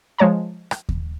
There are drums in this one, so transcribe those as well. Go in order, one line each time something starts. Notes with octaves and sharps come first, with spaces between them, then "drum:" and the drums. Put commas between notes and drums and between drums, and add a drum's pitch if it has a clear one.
F3 G#3 C#5 A5 A#5
drum: rim click
drum: kick D#2